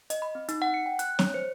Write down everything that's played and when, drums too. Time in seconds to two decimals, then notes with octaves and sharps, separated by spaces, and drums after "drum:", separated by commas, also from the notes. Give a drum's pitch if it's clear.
0.10 D#5, drum: hi-hat
0.22 B5
0.35 C4
0.49 D#4, drum: hi-hat
0.62 F#5
0.74 C#7
0.86 G5
0.99 F#6, drum: hi-hat
1.19 C#5, drum: snare C4
1.34 C5